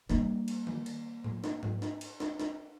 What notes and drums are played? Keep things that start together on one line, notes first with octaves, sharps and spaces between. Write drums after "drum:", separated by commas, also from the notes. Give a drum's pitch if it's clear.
G3 A#3, drum: snare
drum: cymbal
drum: tom D#3
drum: cymbal
drum: tom A2
drum: snare
drum: tom G#2
drum: snare
drum: cymbal
drum: snare
drum: snare